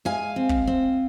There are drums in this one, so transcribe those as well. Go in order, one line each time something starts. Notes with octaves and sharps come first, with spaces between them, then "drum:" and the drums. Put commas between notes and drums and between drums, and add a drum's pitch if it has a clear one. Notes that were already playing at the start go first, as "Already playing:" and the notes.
G#3 F5 G#5
C4
drum: kick
C4